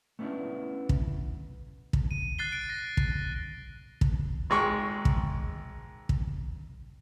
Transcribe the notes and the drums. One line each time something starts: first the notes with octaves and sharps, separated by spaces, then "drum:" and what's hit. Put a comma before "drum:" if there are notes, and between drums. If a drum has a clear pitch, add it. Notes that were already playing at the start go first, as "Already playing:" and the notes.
A3 B3 C#4 D4 E4
drum: kick
drum: kick
D#7
F#6 A6 C7 G7
D7
A#6
drum: kick
drum: kick
G#1 G#3 G5 C#6
drum: kick
drum: kick